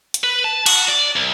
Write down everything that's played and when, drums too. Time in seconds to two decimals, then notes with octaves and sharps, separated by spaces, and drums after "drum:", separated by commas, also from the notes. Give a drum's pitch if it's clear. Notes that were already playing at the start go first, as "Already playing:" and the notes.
0.14 drum: hi-hat
0.24 B4
0.44 A5
0.66 F#4, drum: cymbal
0.89 D5
1.16 C2